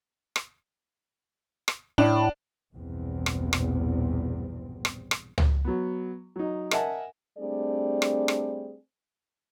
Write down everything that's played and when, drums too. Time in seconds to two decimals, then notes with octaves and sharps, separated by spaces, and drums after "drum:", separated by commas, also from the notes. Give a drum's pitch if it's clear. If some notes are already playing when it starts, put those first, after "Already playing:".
0.36 drum: rim click
1.68 drum: rim click
1.98 A2 D4
2.73 A#1 E2 G2 B2 C4
3.26 drum: rim click
3.53 drum: rim click
4.85 drum: rim click
5.11 drum: rim click
5.38 drum: tom C#2
5.65 F#3 B3
6.36 F#3 D#4
6.71 A#4 D#5 E5 F#5 G#5 A5, drum: rim click
7.38 G3 A3 C4 D4 G#4 D5
8.02 drum: rim click
8.28 drum: rim click